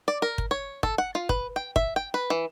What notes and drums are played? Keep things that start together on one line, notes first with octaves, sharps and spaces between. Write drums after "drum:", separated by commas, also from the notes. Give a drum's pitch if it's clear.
D5
A#4
drum: kick
C#5
A4, drum: kick
F#5
F4
B4, drum: kick
G5
E5, drum: kick
G5
B4
E3